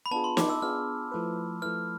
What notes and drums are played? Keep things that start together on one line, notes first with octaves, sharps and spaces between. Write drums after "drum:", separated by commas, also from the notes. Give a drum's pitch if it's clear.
B5
B3 D4 F4 G#4 A5
C6
D6, drum: snare
E6
B3 D4 F4 G#4 F6
F3 A3 E4 B4
F3 A3 E4 B4 F6